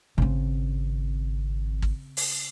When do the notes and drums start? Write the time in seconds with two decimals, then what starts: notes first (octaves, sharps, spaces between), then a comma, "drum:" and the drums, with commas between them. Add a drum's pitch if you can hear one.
0.18 G#1 C#3 C4
1.82 drum: kick G#1
2.17 drum: open hi-hat